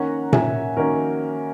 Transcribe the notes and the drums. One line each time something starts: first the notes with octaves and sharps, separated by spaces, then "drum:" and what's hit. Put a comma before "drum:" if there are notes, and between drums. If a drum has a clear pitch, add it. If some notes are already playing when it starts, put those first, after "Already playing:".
Already playing: D#3 A#3 C#4 F#5 A#5
E5 G#5, drum: tom A#2
D#3 A#3 C#4 F#4 A#4